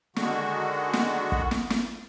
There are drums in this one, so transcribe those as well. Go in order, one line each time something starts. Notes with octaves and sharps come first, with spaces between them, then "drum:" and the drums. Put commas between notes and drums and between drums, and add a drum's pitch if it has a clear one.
D3 D#3 G#3 F#4, drum: snare
drum: snare
drum: kick
drum: snare
drum: snare